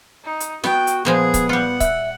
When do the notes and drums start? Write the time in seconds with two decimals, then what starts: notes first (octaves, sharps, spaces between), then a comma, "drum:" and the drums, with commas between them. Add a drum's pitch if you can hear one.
0.25 D#4
0.40 drum: hi-hat
0.64 B3 F#4 G5, drum: snare
0.87 drum: hi-hat
1.05 A#2 F3 G#3 B3 G#4
1.34 drum: kick C#1, hi-hat
1.49 G3 F4 F#5
1.80 E5 F#6, drum: kick C#1, hi-hat